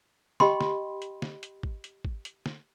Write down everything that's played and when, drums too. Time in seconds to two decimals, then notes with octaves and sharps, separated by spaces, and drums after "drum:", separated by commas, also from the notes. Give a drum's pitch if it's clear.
0.40 G4 D#5 G5 B5 C6, drum: snare
0.61 drum: snare
1.02 drum: hi-hat
1.22 drum: snare
1.43 drum: hi-hat
1.63 drum: kick G#1
1.84 drum: hi-hat
2.05 drum: kick G#1
2.25 drum: hi-hat
2.46 drum: snare